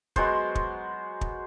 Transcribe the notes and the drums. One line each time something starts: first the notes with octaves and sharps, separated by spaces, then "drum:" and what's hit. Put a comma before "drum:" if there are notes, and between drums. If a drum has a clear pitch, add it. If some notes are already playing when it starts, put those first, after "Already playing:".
F#3 G#3 B3 C5, drum: kick
drum: kick
drum: kick